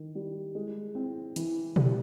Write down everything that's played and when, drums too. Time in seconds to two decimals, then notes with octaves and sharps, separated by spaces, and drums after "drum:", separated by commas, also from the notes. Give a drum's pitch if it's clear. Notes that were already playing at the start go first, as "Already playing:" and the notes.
Already playing: D#3
0.15 G3
0.55 G#3
0.95 C4
1.36 E3, drum: hi-hat
1.76 G3, drum: tom B2